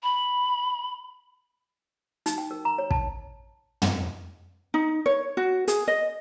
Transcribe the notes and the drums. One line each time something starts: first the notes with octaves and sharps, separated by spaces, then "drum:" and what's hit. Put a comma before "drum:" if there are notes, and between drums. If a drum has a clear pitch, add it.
B5
D#4, drum: hi-hat
G5
A#4
A#5
C#5
A5, drum: kick
drum: tom
D#4
C#5
F#4
G#4, drum: hi-hat
D#5